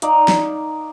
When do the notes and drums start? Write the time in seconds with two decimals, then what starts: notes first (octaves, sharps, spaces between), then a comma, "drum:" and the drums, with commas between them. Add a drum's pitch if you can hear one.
0.02 D#4 D5 F5, drum: hi-hat
0.28 drum: snare